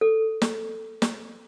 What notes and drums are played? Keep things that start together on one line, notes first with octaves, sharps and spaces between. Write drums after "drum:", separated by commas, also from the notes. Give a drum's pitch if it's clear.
A4
drum: snare
drum: snare